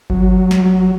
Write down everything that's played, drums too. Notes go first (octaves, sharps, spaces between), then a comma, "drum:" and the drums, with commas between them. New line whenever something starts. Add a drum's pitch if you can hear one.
F#3, drum: kick G1
drum: snare